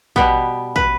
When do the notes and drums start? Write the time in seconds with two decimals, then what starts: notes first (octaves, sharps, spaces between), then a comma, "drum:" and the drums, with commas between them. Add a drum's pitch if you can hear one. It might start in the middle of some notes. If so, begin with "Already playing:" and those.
0.16 B2 G3 B3, drum: kick
0.76 B4, drum: kick